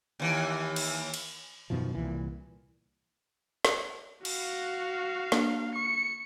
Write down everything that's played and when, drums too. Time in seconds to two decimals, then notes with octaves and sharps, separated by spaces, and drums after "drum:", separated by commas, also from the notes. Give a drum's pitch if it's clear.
0.20 D#2 E3
0.76 drum: cymbal
1.14 drum: cymbal
1.70 F#2 B2 D#3 F3
1.95 C2 A#2 E3
3.65 drum: snare
4.25 F#4 F5, drum: cymbal
5.32 A#3 D4, drum: snare
5.76 C#6 C#7